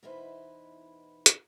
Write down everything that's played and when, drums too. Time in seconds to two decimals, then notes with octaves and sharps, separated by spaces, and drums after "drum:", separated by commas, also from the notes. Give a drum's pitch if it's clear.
0.03 E2 B2 D#4 E4 B4 C5
1.26 drum: hi-hat